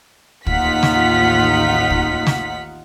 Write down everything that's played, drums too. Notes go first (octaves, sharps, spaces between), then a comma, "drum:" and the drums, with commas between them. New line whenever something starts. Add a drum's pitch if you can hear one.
A1 D#2 D#4 F4 F#5 B6, drum: kick
drum: snare
drum: kick
drum: snare